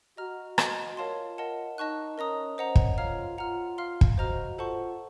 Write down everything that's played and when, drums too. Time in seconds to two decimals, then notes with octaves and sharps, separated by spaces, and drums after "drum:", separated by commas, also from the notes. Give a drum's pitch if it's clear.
0.17 F#4 D#5 A#5 F6
0.58 D#5 A5 C6, drum: rim click
0.97 F4 A#4 C#5 F5 A5 C6
1.38 A#4 D#5 F#5 A5
1.78 D#4 D#5 A5 C#6 F#6
2.17 C#4 A#4 D#5 A#5 D#6
2.58 C#4 C5 D#5 F#5 A#5
2.75 drum: kick
2.98 F4 C#5 F5 A#5 F6
3.38 F4 F#5 A#5 F6
3.78 F5 C6 F6
4.01 drum: kick
4.18 F#4 C5 D#5 A#5 F6
4.57 F4 A4 C5 F#5 A5 C#6